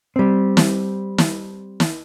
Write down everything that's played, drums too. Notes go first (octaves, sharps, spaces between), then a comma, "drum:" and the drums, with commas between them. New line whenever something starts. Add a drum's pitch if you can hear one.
G3 C4
drum: snare
drum: snare
drum: snare